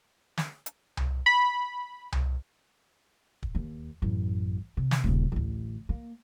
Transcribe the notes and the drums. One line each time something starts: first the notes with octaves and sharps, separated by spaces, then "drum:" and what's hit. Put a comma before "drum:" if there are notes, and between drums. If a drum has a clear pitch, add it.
drum: snare
drum: hi-hat
drum: tom C2
B5
drum: tom C2
drum: kick
D#2
A1 F#2
C3
drum: snare
D#1 C#3
A1 D2
A#3